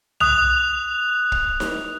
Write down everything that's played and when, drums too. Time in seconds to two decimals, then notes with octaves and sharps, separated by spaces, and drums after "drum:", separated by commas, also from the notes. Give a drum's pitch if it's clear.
0.20 D#6 F#6 F7, drum: tom
1.32 drum: kick
1.60 drum: snare D#4